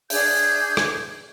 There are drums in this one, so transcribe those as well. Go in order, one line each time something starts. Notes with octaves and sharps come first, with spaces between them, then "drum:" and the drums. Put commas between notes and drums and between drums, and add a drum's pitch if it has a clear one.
D4 G#4 G6 G#6, drum: open hi-hat
drum: rim click